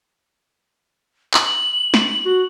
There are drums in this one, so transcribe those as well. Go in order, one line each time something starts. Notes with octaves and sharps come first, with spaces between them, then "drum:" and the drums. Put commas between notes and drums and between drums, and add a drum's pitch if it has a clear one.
F#7, drum: clap
drum: snare
F#4